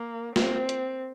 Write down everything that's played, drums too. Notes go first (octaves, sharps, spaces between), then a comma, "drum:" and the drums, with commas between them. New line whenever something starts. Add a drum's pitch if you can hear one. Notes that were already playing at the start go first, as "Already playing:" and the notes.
Already playing: A#3
C4, drum: snare
drum: hi-hat